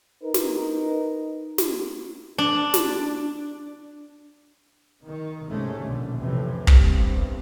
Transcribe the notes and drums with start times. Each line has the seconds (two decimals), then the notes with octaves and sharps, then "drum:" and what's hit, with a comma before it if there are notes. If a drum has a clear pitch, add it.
0.23 D#4 A#4 B4
0.34 drum: snare
1.58 drum: snare
2.38 D4
2.74 drum: snare
5.04 D#3
5.47 G#2 C3 G#3 A3 C#4
5.81 A#1 B2 D3
6.17 F2 A2 C3 E3
6.67 C2 G2 B3 C4, drum: kick